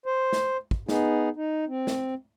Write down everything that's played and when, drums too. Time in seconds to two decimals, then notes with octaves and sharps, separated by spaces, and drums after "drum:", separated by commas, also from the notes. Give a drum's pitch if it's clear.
0.06 C5
0.33 drum: snare
0.71 drum: kick
0.89 B3 D#4 G#4, drum: snare
1.36 D#4
1.68 C4
1.87 drum: snare